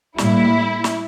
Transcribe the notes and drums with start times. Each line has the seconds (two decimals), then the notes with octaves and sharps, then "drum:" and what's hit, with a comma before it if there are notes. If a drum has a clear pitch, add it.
0.18 A2 G3 A#3 E4, drum: snare
0.84 drum: snare